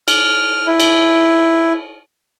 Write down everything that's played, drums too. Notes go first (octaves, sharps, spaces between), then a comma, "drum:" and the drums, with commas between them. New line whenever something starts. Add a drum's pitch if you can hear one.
F6, drum: cymbal
E4
drum: cymbal